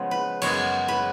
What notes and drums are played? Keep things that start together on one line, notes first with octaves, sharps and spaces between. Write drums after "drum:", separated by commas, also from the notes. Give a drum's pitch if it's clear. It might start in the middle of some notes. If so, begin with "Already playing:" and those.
Already playing: C#3 F3 G#3 B3
B4
F#2 C#3 G#3 B3 C#5, drum: cymbal
B4